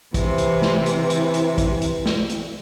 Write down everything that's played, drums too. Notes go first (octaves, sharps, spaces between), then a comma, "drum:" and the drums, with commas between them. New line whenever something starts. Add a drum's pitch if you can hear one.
C3 E3, drum: kick, hi-hat
drum: hi-hat
drum: snare
drum: hi-hat
drum: hi-hat
drum: hi-hat
drum: kick, hi-hat
drum: hi-hat
drum: snare
drum: hi-hat